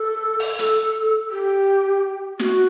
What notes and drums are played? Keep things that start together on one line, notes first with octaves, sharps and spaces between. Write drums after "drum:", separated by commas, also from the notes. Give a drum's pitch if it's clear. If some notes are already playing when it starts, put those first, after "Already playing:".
Already playing: A4
drum: open hi-hat
A4, drum: hi-hat
G4
F#4, drum: snare